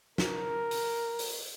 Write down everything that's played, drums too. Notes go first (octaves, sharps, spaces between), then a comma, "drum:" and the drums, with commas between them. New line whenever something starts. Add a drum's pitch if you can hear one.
A#4, drum: snare
drum: open hi-hat
drum: open hi-hat